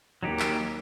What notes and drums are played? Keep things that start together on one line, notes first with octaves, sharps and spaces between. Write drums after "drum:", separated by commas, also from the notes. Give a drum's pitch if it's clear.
D#2 F#3 A#3 D#4 G4
drum: clap